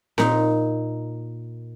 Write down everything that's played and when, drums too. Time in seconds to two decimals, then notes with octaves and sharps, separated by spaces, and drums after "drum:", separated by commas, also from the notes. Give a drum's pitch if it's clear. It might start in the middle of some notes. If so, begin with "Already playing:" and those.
0.18 A#2 D#4, drum: snare C4